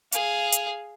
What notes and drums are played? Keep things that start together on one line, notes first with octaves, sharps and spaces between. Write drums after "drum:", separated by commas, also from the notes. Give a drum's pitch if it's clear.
G#4 F5, drum: hi-hat
drum: hi-hat